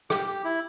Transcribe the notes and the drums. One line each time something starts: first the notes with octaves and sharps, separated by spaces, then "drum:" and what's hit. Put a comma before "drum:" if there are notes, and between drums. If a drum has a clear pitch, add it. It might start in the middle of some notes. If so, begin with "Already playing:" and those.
G4, drum: rim click
G4
E4